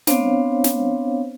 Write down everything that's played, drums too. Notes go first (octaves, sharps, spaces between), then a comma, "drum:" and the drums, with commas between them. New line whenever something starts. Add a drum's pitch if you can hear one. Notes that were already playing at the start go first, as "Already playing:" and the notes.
B3 C4 D4 C5 C#5 F5, drum: snare
drum: snare